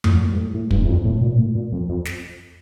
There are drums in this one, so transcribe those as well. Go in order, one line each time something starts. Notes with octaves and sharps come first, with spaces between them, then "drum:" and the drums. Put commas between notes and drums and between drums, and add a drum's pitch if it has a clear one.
A2, drum: tom F2
A#2
G2
A2
A2
G2, drum: kick
E2
F2
A2
A#2
A2
A#2
F2
F2
drum: snare